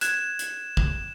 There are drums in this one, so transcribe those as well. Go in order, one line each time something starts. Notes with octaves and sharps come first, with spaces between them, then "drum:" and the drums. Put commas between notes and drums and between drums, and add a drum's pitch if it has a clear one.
F#6 G#6 E7, drum: hi-hat
drum: hi-hat
drum: kick